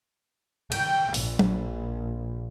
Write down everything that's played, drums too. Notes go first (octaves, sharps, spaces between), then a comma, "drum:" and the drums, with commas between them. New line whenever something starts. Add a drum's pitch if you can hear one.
G5, drum: cymbal
A#1, drum: open hi-hat
drum: tom F#3